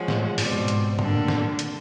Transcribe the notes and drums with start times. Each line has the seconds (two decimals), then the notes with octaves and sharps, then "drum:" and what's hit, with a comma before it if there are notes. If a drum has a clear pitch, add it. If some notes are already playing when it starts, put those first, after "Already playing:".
Already playing: F3 G#3 C#4 F#4
0.08 A2, drum: snare
0.38 G#2 B2 G3 C4, drum: open hi-hat
0.53 G#2
0.68 drum: hi-hat
0.99 G2 D3 G3 A#3 D4, drum: tom
1.13 A2
1.28 A#2, drum: snare
1.59 drum: hi-hat